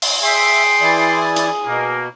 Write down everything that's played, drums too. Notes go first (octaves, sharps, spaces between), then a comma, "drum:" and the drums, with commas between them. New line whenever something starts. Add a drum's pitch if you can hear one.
drum: open hi-hat
G#4 E5 G5 C6
E3 E4 D5
drum: hi-hat
B2 A#3